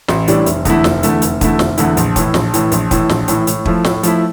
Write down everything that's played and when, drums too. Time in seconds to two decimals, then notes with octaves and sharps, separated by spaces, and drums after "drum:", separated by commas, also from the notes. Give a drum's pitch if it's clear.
0.08 A1, drum: snare
0.28 A2 E3 G3 D4, drum: hi-hat
0.46 F1, drum: hi-hat
0.65 E2 D3 A3 E4, drum: kick, hi-hat
0.84 F1, drum: snare
1.03 E2 D3 A3 E4, drum: hi-hat
1.22 F1, drum: hi-hat
1.41 E2 D3 A3 E4, drum: kick, hi-hat
1.59 F1, drum: snare
1.78 E2 D3 A3 E4, drum: hi-hat
1.97 A#1, drum: hi-hat
2.16 A2 E3, drum: kick, hi-hat
2.34 A#1, drum: snare
2.54 A2 E3, drum: hi-hat
2.72 A#1, drum: hi-hat
2.91 A2 E3, drum: kick, hi-hat
3.09 A#1, drum: snare
3.28 A2 E3, drum: hi-hat
3.47 A2, drum: hi-hat
3.65 F3 A3 E4, drum: kick
3.85 A2, drum: snare
4.03 F3 A3 E4, drum: hi-hat